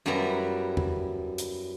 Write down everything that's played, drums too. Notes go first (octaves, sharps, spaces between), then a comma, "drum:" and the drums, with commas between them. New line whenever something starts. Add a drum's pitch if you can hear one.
F#2 G3 B3 E4 E5 A#5
drum: tom E2
drum: hi-hat